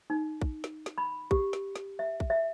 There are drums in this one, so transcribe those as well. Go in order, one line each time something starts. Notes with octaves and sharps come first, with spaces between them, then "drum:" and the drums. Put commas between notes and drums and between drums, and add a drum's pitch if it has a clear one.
D#4
drum: kick
drum: snare
drum: snare
B5
G4, drum: kick
drum: snare
drum: snare
E5
drum: kick
E5